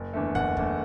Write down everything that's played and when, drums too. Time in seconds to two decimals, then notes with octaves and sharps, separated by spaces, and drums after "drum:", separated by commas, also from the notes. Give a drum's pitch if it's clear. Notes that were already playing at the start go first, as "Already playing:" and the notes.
Already playing: F#1
0.13 E2 D3 A3
0.35 F#1 F#5, drum: kick
0.57 E2 D3 A3, drum: kick